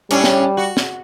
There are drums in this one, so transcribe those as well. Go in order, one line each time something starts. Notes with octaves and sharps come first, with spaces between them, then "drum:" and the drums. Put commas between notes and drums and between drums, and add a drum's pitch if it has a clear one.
A2 G3 C#4 D4, drum: hi-hat
drum: snare
F#4
drum: snare